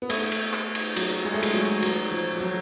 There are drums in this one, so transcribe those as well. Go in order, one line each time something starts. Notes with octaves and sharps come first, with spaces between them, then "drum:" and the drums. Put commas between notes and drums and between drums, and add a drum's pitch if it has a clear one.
B3
A3, drum: cymbal
drum: cymbal
drum: clap
drum: cymbal
F#3, drum: cymbal
G#3
A3
G#3, drum: cymbal
F#3
F#3, drum: cymbal
F3
F3
F#3